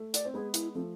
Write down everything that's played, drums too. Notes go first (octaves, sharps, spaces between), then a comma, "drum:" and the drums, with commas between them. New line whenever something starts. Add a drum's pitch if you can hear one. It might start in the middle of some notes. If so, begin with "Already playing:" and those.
Already playing: A3
D5, drum: hi-hat
C4
G#3 B3 G#4
E4, drum: hi-hat
F3 A3 C4